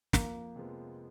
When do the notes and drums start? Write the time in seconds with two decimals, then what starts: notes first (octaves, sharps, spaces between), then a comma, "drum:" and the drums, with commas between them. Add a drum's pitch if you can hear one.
0.13 F2 A#3, drum: snare
0.56 C3 F3 G#3 B3